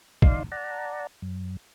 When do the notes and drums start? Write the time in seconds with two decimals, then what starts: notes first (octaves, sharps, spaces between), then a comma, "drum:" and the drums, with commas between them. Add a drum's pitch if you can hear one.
0.22 D#4 D5 F5 C6, drum: kick
0.52 D5 F#5 A5 A#5
1.22 F#2